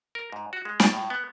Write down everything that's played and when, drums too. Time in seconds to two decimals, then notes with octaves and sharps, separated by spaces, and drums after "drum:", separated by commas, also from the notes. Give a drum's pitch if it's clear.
0.15 A#4
0.32 G#2
0.53 F#4
0.65 G#3
0.80 D5, drum: snare
0.93 A2
1.10 B3